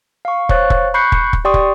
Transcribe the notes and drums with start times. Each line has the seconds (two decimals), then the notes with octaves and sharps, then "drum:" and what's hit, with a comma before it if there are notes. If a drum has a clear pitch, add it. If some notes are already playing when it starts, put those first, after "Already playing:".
0.25 F5 C#6
0.49 C5 C#5 F5 C#6 F#6 A6, drum: kick
0.70 drum: kick
0.94 B5 C#6 F#6 G6 C7 C#7
1.12 drum: kick
1.33 drum: kick
1.45 G4 D5 G5 C6 C#6 D#6
1.54 drum: kick